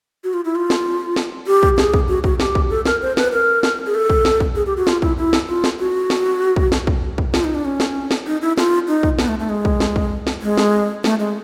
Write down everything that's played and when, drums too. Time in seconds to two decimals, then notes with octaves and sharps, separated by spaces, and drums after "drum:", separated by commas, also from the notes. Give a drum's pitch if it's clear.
0.24 F#4
0.34 F4
0.45 E4
0.55 F4
0.70 drum: snare
1.16 drum: snare
1.47 G4
1.63 drum: kick
1.78 G#4, drum: snare
1.94 drum: kick
2.08 F#4
2.24 F#4, drum: kick
2.40 G4, drum: snare
2.55 drum: kick
2.70 A4
2.85 A#4, drum: snare
3.02 C5
3.17 B4, drum: snare
3.33 A#4
3.63 drum: snare
3.86 G#4
3.95 A4
4.10 drum: kick
4.25 drum: snare
4.40 drum: kick
4.55 G#4
4.66 G4
4.77 F#4
4.87 F4, drum: snare
5.02 E4, drum: kick
5.17 E4
5.33 drum: snare
5.48 F4
5.64 drum: snare
5.80 F#4
6.10 drum: snare
6.56 drum: kick
6.72 drum: snare
6.87 drum: kick
7.18 drum: kick
7.34 F4, drum: snare
7.44 D#4
7.55 D4
7.65 C#4
7.80 drum: snare
8.11 drum: snare
8.27 D#4
8.42 E4
8.58 F4, drum: snare
8.88 D#4
9.03 drum: kick
9.19 B3, drum: snare
9.28 A3
9.39 A3
9.49 G#3
9.65 drum: kick
9.80 drum: snare
9.96 drum: kick
10.27 drum: snare
10.42 G#3
10.58 drum: snare
11.04 A3, drum: snare
11.19 G#3